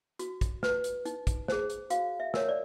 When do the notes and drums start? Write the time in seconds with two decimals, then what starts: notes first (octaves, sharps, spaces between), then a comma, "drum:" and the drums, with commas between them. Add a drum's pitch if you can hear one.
0.19 F#4, drum: hi-hat
0.41 drum: kick, hi-hat
0.63 B4, drum: snare
0.84 drum: hi-hat
1.05 D#4, drum: hi-hat
1.27 drum: kick, hi-hat
1.48 G#4 C5, drum: snare
1.70 drum: hi-hat
1.90 F#4 F5, drum: hi-hat
2.20 E5
2.34 A#4 C#5, drum: snare
2.49 D5